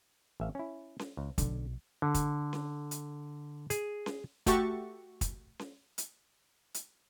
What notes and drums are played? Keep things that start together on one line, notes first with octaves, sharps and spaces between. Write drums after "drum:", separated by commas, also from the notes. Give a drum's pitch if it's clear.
A1 E5 F5
C#4 E4
drum: snare C#4
C#2
B1 D3 F#3, drum: kick, hi-hat
D3
drum: kick, hi-hat
drum: snare C#4
drum: hi-hat
G#4, drum: hi-hat
drum: snare C#4
A3 F#4 G4 E5 C#6 A6, drum: kick, hi-hat
drum: kick, hi-hat
drum: snare C#4
drum: hi-hat
drum: hi-hat